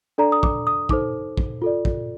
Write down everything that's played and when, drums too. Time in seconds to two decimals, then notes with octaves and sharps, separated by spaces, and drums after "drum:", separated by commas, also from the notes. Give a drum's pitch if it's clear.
0.18 D4 A4 D5 A#5
0.32 D#6
0.43 D6, drum: kick
0.67 D#6
0.89 D#4 A4 C5 D6, drum: kick
1.37 drum: kick
1.62 F4 A4 D5
1.85 drum: kick